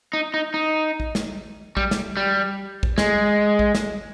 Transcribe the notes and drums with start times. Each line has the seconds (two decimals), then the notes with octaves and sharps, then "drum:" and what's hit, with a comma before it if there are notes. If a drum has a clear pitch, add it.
0.13 D#4
0.34 D#4
0.54 D#4
1.00 drum: kick
1.15 drum: snare
1.77 G3, drum: kick
1.91 drum: snare
2.17 G3
2.83 drum: kick
2.98 G#3, drum: snare
3.59 drum: kick
3.75 drum: snare